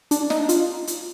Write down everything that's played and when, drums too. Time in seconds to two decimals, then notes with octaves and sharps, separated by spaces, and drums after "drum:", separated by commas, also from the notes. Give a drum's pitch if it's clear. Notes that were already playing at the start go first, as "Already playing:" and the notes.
0.11 D4, drum: hi-hat
0.30 D#4, drum: snare
0.49 F4, drum: hi-hat
0.87 drum: hi-hat